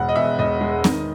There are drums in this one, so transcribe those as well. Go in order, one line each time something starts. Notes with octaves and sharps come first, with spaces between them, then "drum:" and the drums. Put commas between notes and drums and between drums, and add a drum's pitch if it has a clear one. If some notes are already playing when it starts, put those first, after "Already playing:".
Already playing: E1 F#5
D#5
E2 E5
E1 D#5
G#3
D#3, drum: snare C4